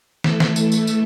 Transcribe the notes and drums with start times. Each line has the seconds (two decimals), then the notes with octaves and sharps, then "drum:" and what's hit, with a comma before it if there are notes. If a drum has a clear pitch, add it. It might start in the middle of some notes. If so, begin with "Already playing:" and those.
0.24 E3 A3 E4 A4, drum: snare
0.40 drum: snare
0.56 drum: tambourine
0.72 drum: tambourine
0.87 drum: tambourine